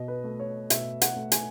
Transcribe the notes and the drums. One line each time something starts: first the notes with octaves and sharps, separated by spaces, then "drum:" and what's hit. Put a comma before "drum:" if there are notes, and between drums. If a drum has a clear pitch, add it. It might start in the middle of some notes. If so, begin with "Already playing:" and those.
Already playing: B2 D#5
B4
A3
C#5
B2 E5, drum: hi-hat
F#5, drum: hi-hat
A3
G#5, drum: hi-hat